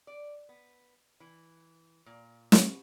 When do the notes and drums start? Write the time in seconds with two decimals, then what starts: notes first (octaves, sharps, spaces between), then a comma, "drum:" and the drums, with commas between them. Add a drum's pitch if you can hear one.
0.07 D5
0.49 B3
1.20 E3
2.06 A#2
2.52 B2, drum: snare